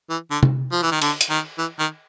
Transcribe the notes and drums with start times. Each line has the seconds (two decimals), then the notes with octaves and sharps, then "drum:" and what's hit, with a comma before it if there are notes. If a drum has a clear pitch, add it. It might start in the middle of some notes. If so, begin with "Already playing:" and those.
0.10 E3
0.31 D3
0.43 drum: tom C3
0.72 F3
0.82 E3
0.92 D#3
1.02 D3, drum: cymbal
1.21 drum: hi-hat
1.30 D#3
1.58 E3
1.79 D#3